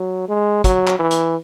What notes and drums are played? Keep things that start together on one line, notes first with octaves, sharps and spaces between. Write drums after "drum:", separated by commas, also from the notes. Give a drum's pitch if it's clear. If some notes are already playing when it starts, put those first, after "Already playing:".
Already playing: F#3
G#3
F#3, drum: kick, hi-hat
drum: clap
E3
drum: hi-hat